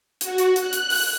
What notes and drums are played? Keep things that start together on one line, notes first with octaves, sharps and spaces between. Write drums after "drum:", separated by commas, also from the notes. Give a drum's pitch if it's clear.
F#4, drum: hi-hat
drum: hi-hat
F#6, drum: hi-hat
drum: hi-hat
drum: open hi-hat